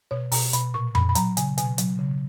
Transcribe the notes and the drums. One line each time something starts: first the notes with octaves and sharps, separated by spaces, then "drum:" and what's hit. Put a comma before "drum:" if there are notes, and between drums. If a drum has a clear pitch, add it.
B2 C#5
B2 A#5, drum: open hi-hat
B2 B5, drum: hi-hat
A#2 C#6
A#2 B5, drum: tom F2
B5
F#3 A#5, drum: hi-hat
C#3 G#5, drum: hi-hat
B2 G#5, drum: hi-hat
F#3, drum: hi-hat
C#3